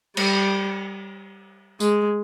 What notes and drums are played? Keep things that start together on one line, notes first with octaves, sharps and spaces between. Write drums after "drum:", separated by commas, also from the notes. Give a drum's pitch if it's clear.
G3, drum: cymbal
G#3, drum: tambourine